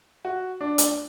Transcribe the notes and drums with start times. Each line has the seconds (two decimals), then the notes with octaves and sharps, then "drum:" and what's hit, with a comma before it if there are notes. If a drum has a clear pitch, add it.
0.25 F#4
0.61 D4
0.78 drum: hi-hat